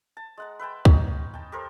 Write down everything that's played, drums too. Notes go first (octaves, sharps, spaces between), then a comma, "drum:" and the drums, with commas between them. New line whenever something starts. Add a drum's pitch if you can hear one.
A5
G#3 F#5 A#5
B4 E5 G5 A5
C#4 D#4 D#5, drum: kick C#2
G5 A5
G4 A4 A#4 C5